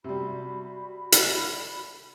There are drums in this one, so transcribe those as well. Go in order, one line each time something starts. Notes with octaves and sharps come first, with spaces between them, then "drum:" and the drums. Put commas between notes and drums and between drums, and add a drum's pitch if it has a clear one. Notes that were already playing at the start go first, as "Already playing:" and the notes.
C3 G3 F#4 B5
drum: hi-hat